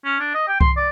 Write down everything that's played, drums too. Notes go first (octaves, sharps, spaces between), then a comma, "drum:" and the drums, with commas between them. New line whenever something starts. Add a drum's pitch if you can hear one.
C#4
D4
D#5
G5
C6, drum: kick C2
D5